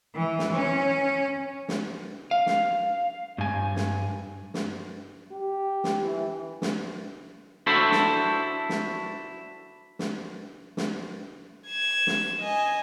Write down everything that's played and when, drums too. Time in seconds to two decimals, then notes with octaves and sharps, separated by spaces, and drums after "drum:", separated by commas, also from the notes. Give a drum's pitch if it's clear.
0.14 E3
0.39 drum: snare
0.52 C#4
1.69 drum: snare
2.31 F5
2.46 drum: snare
3.38 G2 G#5
3.76 drum: snare
4.54 drum: snare
5.32 G4
5.84 drum: snare
6.03 E3
6.62 drum: snare
7.67 D4 E4 F#4 A4 C5
7.92 drum: snare
8.69 drum: snare
9.99 drum: snare
10.77 drum: snare
11.68 G#6 E7
12.07 drum: snare
12.40 D#5 G#5